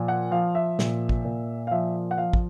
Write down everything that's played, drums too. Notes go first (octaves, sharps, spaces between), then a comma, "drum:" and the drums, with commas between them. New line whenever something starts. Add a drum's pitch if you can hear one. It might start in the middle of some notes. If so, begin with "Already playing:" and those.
Already playing: A#2 F3
F#5
F3 F5
E5
A#2, drum: snare
drum: kick
A#2
F5
F3 E5
F#5
F3 F5
drum: kick